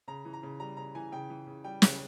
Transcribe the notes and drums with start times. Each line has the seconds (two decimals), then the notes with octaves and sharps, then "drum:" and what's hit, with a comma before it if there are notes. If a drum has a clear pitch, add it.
0.08 C#3 A#5
0.25 E3
0.33 A#5
0.43 C#3
0.60 G3 A#5
0.77 C#3 A#5
0.95 E3 G#5
1.12 C#3 G5
1.30 E3
1.47 C#3
1.64 G3 G5
1.82 C#3, drum: snare